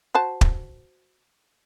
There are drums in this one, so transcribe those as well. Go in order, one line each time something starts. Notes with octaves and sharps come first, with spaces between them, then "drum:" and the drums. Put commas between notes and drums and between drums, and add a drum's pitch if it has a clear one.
F#4 C5 A5
drum: kick